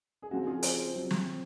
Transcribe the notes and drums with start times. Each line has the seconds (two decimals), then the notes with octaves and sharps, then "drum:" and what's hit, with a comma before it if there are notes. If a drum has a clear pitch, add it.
0.22 G#4
0.31 C#3 F3 C4 F#4
0.47 F4 G#4
0.63 G#4 C5, drum: hi-hat
0.94 C3 F#3 C4
1.11 drum: snare